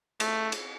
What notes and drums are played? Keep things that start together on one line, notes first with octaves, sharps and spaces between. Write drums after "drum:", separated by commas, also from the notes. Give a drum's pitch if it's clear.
A3, drum: cymbal
drum: cymbal